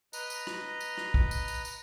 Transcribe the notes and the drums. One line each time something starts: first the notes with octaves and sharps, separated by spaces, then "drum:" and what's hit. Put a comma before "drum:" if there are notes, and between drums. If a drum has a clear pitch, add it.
B4 D#5 A#5, drum: tambourine
drum: tambourine
drum: rim click
drum: tambourine
drum: rim click
drum: kick
drum: tambourine
drum: tambourine
drum: tambourine